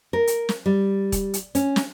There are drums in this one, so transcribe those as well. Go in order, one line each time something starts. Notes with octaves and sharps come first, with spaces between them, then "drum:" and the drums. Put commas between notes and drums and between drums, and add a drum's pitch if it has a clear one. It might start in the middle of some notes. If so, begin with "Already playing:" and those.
A#4
drum: hi-hat
drum: snare
G3
drum: kick E1, hi-hat
drum: hi-hat
C#4, drum: hi-hat
drum: snare